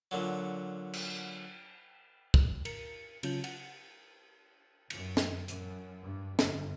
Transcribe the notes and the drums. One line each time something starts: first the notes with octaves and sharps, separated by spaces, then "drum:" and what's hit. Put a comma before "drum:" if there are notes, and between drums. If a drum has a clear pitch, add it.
A#2 D3 F#3
drum: cymbal
drum: kick
A#4 C#7, drum: cymbal
C#3 F#3 C#4 F4 A5 G6, drum: cymbal
F#5, drum: cymbal
F#2, drum: cymbal
drum: snare
F#2, drum: hi-hat
G2
G1, drum: snare